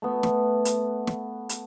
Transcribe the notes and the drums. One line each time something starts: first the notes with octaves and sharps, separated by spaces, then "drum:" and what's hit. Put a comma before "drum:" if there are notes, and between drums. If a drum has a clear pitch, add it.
A3 B3
drum: snare
drum: hi-hat
drum: snare
drum: hi-hat